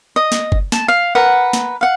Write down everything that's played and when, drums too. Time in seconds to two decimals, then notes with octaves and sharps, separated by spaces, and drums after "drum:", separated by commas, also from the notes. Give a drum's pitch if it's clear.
0.16 D#5
0.32 drum: snare
0.52 drum: kick F#1
0.72 A5, drum: snare
0.88 F5
1.15 A#4 B4 F#5
1.53 drum: snare
1.81 F5 F#5